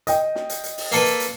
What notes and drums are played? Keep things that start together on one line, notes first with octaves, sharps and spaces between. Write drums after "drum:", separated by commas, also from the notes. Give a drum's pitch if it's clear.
D#5 G5, drum: hi-hat
drum: snare
drum: hi-hat
drum: hi-hat
drum: open hi-hat
A#3 A4 B4, drum: hi-hat
drum: hi-hat
drum: hi-hat